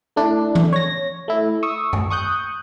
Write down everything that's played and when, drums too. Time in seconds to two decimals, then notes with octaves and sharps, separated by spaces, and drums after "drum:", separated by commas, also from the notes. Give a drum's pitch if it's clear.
0.16 A3 D4 E4
0.55 drum: tom E3
0.73 C#5 A#6
1.28 A3 E4
1.63 C#6 D#6 E6
1.93 drum: tom F#2
2.10 C#6 D#6 F#6 G6